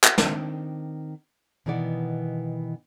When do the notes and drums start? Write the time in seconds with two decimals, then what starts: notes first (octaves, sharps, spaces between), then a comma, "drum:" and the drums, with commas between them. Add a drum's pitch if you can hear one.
0.04 drum: clap
0.18 D#3 C4 D4, drum: snare
1.66 B2 D#3 E3 B3 D5 F#5